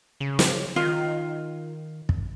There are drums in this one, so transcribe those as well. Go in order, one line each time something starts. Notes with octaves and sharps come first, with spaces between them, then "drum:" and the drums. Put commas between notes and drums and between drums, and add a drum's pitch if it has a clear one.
C#3
drum: snare
D#3 F4
drum: kick